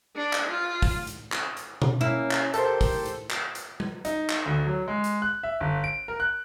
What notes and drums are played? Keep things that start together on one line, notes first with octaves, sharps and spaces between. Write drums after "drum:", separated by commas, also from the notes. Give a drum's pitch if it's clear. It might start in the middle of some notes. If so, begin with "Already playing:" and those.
D4
drum: clap
F4
drum: kick, open hi-hat
drum: hi-hat
drum: clap
drum: hi-hat
drum: tom B2
A#3 C#4 E4
drum: clap
G4 A4 A#4 C5, drum: hi-hat
drum: kick, open hi-hat
drum: hi-hat
drum: clap
drum: hi-hat
drum: tom G3
D#4, drum: hi-hat
drum: clap
D2
F#3
G#3
drum: hi-hat
F#6
E5
G1
D7
A#4
F#6